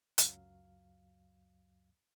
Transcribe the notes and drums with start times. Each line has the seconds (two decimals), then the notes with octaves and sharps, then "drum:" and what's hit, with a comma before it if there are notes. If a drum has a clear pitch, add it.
0.18 C#2 F#2 F#3 F5, drum: hi-hat